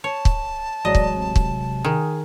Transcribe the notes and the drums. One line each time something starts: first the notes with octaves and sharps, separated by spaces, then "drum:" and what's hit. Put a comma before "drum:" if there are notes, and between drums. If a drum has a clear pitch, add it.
C#5 A5
drum: kick
A1 F#3 G#3 D5 D#5
drum: kick
C3
drum: kick
D#3 G#4 G#5